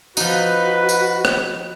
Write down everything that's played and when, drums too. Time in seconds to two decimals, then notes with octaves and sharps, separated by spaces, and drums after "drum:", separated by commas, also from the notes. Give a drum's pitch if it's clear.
0.17 F3 D#4 F#4 B4, drum: tambourine
0.89 drum: tambourine
1.25 drum: rim click